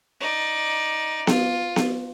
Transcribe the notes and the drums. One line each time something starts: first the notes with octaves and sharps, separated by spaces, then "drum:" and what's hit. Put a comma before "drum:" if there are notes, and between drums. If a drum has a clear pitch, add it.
D#4 D5
F4, drum: snare B3
drum: snare B3